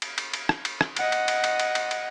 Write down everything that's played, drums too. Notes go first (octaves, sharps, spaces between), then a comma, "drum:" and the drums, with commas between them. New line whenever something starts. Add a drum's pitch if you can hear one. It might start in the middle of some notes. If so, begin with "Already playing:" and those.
drum: cymbal
drum: cymbal
drum: cymbal
drum: rim click
drum: cymbal
drum: rim click
D#5 F#5, drum: cymbal
drum: cymbal
drum: cymbal
drum: cymbal
drum: cymbal
drum: cymbal
drum: cymbal